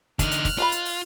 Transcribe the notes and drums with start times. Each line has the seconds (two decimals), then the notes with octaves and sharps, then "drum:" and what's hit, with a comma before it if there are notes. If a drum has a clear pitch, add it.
0.19 D3 A3 D#4 F6 F#6, drum: kick, hi-hat
0.31 drum: hi-hat
0.45 drum: kick, open hi-hat
0.58 F4 B4 D#5 B5
0.72 drum: hi-hat
0.85 drum: open hi-hat